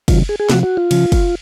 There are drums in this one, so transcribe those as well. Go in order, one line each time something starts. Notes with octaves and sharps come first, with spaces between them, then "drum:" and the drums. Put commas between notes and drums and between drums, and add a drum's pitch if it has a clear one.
C3 D#3 F#3 F4, drum: kick, cymbal
G#4
G#4
C3 F3 F#4, drum: snare
F#4
F4
C#3 F3, drum: cymbal
drum: kick, cymbal